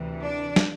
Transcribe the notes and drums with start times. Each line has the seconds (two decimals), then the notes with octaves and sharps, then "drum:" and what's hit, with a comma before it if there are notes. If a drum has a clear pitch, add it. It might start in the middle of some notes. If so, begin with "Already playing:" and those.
Already playing: D2 C3 E3
0.22 D4
0.56 drum: snare